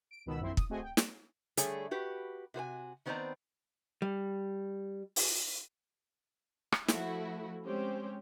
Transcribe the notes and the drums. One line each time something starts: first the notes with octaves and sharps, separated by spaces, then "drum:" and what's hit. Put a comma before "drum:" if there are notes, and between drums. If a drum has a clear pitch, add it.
D7
C#2 B2 D#3 B3 B5 E6
A#1 F#2 C4 E4 E5 C6
D#6, drum: kick
A3 C4 F#4 G#4 D#5 G#5
G5
drum: snare
D3 G3 A3 G#4 A4 C#5, drum: hi-hat
F#4 G4 B4
C3 F#4 C5 G#5
D#3 B3 C4 C5 D5 A#5
G3
drum: open hi-hat
drum: rim click
F3 A3 E4 F#4, drum: snare
G#3 C4 C#4 G4 C5 C#5